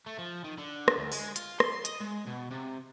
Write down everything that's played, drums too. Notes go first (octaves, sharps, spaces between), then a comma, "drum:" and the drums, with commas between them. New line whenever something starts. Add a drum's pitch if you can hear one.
A3
F3
D#3
D3
drum: rim click
D2
G#3, drum: open hi-hat
F4, drum: hi-hat
C6, drum: rim click
D#5, drum: hi-hat
G#3
B2
C3